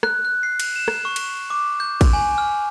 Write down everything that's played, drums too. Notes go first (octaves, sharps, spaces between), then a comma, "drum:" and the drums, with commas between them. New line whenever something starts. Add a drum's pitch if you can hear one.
F#6, drum: rim click
F#6
C7
drum: cymbal
E7
drum: rim click
C#6
drum: cymbal
D6
G6
drum: kick, cymbal
G#5
F6